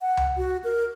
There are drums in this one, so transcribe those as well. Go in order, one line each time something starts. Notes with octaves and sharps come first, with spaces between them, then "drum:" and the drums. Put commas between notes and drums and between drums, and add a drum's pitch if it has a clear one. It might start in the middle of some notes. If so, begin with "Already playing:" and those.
F#5
drum: tom C#2
F#4
A#4